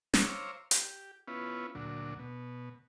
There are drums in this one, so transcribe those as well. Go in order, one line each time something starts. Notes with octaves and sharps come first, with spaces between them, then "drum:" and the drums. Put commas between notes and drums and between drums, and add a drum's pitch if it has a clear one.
C5 C#5 F5 A#5 D6 E6, drum: snare
G4, drum: hi-hat
B3 C#4 E4 F4 B4
D2 A#2 F#3 D4
B2